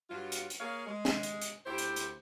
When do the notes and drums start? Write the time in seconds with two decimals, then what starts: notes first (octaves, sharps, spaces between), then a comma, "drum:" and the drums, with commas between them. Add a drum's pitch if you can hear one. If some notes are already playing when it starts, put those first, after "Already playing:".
0.10 G2 F#3 F4
0.32 drum: hi-hat
0.50 drum: hi-hat
0.60 A#3 G#4 C#5 F5
0.87 G#3
1.05 drum: snare
1.23 drum: hi-hat
1.42 drum: hi-hat
1.66 D2 E4 G4 C5
1.78 drum: hi-hat
1.96 drum: hi-hat